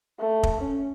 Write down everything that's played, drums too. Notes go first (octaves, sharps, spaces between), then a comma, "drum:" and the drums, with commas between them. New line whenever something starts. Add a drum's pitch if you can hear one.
A3
drum: kick
C#4